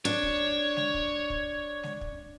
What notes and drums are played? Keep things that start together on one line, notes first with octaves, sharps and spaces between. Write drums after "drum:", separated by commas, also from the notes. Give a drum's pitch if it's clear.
D4 C#5
drum: kick
drum: snare G#3
drum: kick
drum: kick
drum: snare G#3
drum: kick